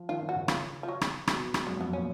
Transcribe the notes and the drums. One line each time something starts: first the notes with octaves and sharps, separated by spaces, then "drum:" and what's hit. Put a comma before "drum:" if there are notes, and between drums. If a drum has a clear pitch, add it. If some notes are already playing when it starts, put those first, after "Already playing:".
Already playing: F3
D#3 F4
D#3
F#4
C#3
F4, drum: rim click
F3
F#3
drum: rim click
B2, drum: rim click
drum: rim click
F#2 G#3
F2 B3
F#2
C#4
A#2